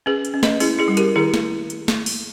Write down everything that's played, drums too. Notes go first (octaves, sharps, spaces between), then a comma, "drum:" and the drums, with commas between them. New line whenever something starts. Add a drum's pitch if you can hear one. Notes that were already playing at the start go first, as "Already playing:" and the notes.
C#4 G#4 B4
drum: hi-hat
C#4
B4 D#5, drum: snare
C#4 E4 G#4, drum: open hi-hat
E4 G#4
G3
G4 A#4, drum: hi-hat
D#3 E4 G#4
drum: snare
drum: hi-hat
drum: snare
drum: open hi-hat